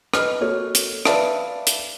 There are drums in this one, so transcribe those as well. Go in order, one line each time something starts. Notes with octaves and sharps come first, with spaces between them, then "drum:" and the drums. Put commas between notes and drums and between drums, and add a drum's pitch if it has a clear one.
B4 D#5 F6, drum: rim click
A#3 F#4 A4 C#5
drum: hi-hat
B4 D5 E5 F5 A5, drum: rim click
drum: hi-hat